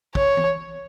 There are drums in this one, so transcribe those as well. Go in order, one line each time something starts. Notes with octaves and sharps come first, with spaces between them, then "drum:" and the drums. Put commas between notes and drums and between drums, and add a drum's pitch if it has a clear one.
C#5, drum: kick
drum: tom E3